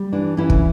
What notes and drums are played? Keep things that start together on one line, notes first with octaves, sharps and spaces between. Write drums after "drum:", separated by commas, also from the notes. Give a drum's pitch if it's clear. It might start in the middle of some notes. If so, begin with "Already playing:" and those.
Already playing: G3
E3 D4
E3 C#4 E4
drum: kick